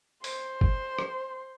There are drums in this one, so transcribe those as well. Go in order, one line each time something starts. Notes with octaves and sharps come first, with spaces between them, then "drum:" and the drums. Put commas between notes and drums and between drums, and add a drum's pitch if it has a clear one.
C5, drum: open hi-hat
drum: kick G1
drum: rim click